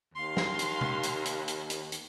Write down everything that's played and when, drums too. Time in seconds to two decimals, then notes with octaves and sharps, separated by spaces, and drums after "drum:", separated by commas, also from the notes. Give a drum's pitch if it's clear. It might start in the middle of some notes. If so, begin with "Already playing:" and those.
0.15 D#2 F5 C6
0.37 drum: snare
0.59 drum: hi-hat
0.81 drum: tom C3
1.03 drum: hi-hat
1.25 drum: hi-hat
1.48 drum: hi-hat
1.70 drum: hi-hat
1.92 drum: hi-hat